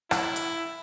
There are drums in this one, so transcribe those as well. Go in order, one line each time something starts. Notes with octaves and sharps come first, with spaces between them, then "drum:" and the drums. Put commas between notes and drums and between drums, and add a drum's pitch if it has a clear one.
E4, drum: rim click
drum: hi-hat